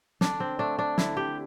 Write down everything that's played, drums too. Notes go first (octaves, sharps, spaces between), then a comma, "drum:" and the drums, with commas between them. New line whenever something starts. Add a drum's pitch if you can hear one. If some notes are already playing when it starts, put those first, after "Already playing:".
D3 D4, drum: snare
C4
A3 D4
D4
D3 E4, drum: snare
G4